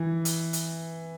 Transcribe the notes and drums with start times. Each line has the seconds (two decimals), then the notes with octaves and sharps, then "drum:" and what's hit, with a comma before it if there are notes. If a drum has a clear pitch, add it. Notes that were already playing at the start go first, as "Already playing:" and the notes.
Already playing: E3
0.25 drum: hi-hat
0.53 drum: hi-hat